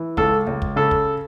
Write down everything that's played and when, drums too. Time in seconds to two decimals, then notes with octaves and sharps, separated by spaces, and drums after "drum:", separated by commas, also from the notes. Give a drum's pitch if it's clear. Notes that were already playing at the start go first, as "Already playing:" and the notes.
Already playing: E3
0.17 C#2 A4, drum: kick
0.47 C#2
0.62 drum: kick
0.76 C#3 A4
0.91 drum: kick